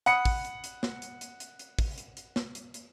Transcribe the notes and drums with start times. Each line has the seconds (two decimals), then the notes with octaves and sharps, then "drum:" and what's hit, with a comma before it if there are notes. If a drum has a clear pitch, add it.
0.06 F#5 B5 D#6 C#7, drum: hi-hat
0.25 drum: kick, open hi-hat
0.45 drum: hi-hat
0.64 drum: hi-hat
0.83 drum: snare
1.02 drum: hi-hat
1.21 drum: hi-hat
1.40 drum: hi-hat
1.59 drum: hi-hat
1.79 drum: kick, open hi-hat
1.98 drum: hi-hat
2.17 drum: hi-hat
2.36 drum: snare
2.55 drum: hi-hat
2.74 drum: hi-hat